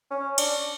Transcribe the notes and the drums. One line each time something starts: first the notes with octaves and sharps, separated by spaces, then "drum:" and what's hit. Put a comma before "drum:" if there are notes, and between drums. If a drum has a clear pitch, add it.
C#4
D4, drum: cymbal